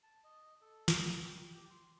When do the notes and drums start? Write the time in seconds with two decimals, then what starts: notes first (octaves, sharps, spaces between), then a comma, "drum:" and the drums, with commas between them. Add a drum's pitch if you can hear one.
0.03 A5
0.24 D#5
0.61 A4
0.88 drum: snare
1.25 G5
1.54 G4
1.70 C6